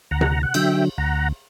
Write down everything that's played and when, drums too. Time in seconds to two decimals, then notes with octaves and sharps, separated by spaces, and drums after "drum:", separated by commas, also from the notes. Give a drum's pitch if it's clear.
0.11 D2 F#5 A#5
0.21 drum: tom C3
0.43 F#5
0.54 D3 F#3 E5 G5, drum: cymbal
0.98 D2 F#5 A#5